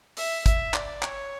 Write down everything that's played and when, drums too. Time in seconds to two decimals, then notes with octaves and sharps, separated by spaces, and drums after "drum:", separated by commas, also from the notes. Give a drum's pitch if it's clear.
0.17 E5, drum: open hi-hat
0.46 E5, drum: kick, hi-hat
0.74 D5, drum: clap
1.03 C#5, drum: clap